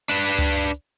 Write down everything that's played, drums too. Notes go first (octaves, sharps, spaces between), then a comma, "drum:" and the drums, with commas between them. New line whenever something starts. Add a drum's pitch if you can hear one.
D4 B4, drum: hi-hat
drum: tom C#2
drum: hi-hat